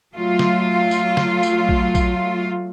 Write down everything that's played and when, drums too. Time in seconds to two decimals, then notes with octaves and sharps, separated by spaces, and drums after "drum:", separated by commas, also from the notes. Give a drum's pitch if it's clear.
0.13 F#3 A3 F4
0.39 drum: snare
0.91 drum: tambourine
1.17 drum: snare
1.43 drum: tambourine
1.69 drum: kick A#1
1.95 drum: kick A#1, tambourine